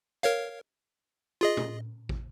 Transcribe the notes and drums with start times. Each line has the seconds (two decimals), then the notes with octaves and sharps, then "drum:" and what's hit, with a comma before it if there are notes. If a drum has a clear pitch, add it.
0.23 A#4 C#5 F5, drum: hi-hat
1.41 F4 G#4 D#5
1.57 drum: tom
2.09 drum: kick